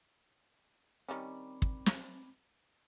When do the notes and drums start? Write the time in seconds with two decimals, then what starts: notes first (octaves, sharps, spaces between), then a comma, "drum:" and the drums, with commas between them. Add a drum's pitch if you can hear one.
1.08 D#3 G3 C4 C#4 B5 D6
1.62 drum: kick
1.86 drum: snare